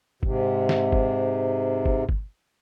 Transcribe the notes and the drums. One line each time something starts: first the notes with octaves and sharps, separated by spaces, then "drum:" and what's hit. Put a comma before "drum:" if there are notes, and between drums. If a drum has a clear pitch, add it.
G#2 C3, drum: kick G1
drum: snare
drum: kick G1
drum: kick G1
drum: kick G1